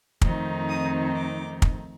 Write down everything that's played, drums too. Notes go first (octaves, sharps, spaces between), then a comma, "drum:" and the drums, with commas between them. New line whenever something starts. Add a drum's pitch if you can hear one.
F2 D#3 A3 C4 D#4, drum: kick
D#6
D6
drum: kick